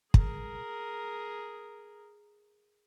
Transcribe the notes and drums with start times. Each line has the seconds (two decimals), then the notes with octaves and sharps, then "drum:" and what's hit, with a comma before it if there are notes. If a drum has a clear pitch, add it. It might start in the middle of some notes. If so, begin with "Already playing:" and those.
0.14 G#4 A#4, drum: kick